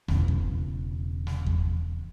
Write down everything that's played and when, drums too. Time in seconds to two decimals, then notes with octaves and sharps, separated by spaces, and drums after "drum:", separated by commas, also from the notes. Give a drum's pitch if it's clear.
0.08 E1 C#3, drum: snare
0.28 drum: kick E2
1.27 drum: snare
1.46 drum: kick E2